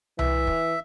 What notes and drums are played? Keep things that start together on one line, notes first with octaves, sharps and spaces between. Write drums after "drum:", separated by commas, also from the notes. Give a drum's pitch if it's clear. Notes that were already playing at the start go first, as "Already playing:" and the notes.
E3 E5, drum: tom C2
drum: kick